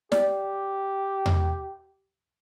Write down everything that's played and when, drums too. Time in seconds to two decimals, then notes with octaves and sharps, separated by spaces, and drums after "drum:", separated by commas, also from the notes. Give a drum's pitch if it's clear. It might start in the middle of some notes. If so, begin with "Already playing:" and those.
0.12 G4 D5, drum: snare
1.26 drum: tom E2